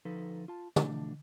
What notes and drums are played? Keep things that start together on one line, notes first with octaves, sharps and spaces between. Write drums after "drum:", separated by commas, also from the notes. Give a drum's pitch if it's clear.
D2 F3 D#4 A4 B4
F4 A5
B2 E3 F3 A3 D4, drum: tom